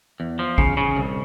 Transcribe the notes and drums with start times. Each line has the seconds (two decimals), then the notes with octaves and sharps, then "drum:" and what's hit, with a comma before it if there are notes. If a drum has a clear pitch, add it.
0.20 E2
0.39 F3
0.58 C#3, drum: kick G#1
0.77 C#3
0.97 C2